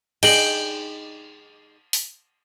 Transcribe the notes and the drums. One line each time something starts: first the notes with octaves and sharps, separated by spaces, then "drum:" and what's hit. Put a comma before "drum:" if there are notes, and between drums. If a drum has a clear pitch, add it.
D#4 G#4 G5 F#7 G7, drum: cymbal
drum: open hi-hat